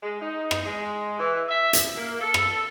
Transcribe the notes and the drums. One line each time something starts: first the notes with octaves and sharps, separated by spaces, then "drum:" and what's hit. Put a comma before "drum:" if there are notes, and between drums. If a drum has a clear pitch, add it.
G#3
D#4
drum: rim click
G#3
E3
E5
drum: hi-hat
A#3
A4
drum: rim click